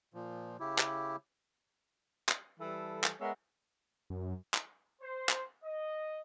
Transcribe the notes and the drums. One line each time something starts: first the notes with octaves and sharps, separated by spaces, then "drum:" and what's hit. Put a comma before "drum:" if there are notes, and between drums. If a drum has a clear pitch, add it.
A#2 F3
C#3 E4 G4
drum: clap
drum: clap
E3 G3 A4
drum: clap
G#3 B3 A#4 C#5 E5
F#2
drum: clap
C5
drum: clap
D#5